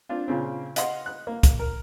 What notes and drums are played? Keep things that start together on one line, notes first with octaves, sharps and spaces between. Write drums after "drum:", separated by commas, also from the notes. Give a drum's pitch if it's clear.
C4 D4 F4
A#2 C#3 C4
D#5 F5 F#5 C6, drum: hi-hat
F#6
A#3
drum: kick, hi-hat
A#4